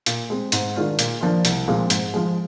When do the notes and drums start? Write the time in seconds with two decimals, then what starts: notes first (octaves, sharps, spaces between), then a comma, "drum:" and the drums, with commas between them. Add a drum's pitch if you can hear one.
0.06 A#2, drum: hi-hat
0.30 G#3 C4
0.52 G#2, drum: hi-hat
0.76 D#3 G#3 D4 F4
0.99 A#2, drum: hi-hat
1.21 F3 A#3 D4 F4
1.45 C2, drum: hi-hat
1.68 A#2 F3 G#3 C4
1.90 G#2, drum: hi-hat
2.14 F3 G#3